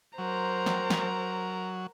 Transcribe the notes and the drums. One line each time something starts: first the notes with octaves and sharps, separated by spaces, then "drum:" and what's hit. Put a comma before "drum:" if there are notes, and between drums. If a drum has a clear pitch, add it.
F#3 A#4 C5 A#5
drum: snare
drum: snare